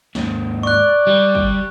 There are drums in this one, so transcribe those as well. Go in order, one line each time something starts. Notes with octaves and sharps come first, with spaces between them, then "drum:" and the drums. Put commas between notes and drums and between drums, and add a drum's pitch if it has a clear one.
D#2 G#2, drum: snare
D5 C#6 F#6
G3
drum: kick